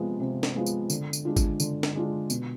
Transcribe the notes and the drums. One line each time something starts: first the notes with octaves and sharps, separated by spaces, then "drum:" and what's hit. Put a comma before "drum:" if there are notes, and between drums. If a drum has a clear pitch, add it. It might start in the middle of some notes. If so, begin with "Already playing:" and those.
Already playing: C3 F3 G#3 B3
C3
drum: snare
F3 G#3 B3
drum: tambourine
D3, drum: tambourine
drum: tambourine
G#3 D4 F4
drum: kick G#1, tambourine
D3, drum: tambourine
drum: snare
G#3 D4 F4
B2, drum: tambourine